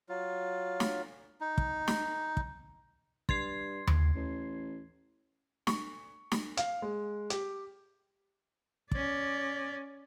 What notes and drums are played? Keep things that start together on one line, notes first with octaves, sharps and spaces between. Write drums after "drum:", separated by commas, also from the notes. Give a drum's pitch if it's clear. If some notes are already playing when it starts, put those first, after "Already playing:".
F#3 F4
drum: snare
D#4
drum: kick
drum: snare
drum: kick
G2 C6 G#6 C7, drum: kick
drum: tom D#2
A1
C#6, drum: snare
drum: snare
F5, drum: hi-hat
G#3
G4, drum: hi-hat
C#4 D5, drum: kick